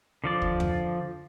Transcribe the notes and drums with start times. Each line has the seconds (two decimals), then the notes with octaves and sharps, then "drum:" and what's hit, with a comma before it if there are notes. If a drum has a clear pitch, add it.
0.24 D3 F3 D5
0.42 drum: kick
0.60 drum: tom F2